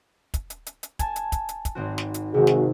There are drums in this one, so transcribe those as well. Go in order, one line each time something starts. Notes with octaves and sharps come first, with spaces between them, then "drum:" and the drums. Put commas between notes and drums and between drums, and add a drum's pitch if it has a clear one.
drum: kick, hi-hat
drum: hi-hat
drum: hi-hat
drum: hi-hat
G#5 A5, drum: kick, hi-hat
drum: hi-hat
drum: kick, hi-hat
drum: hi-hat
drum: kick, hi-hat
G#1 C4 F#4
drum: snare
drum: hi-hat
G#1 C3 D#3 F#4 G#4
drum: snare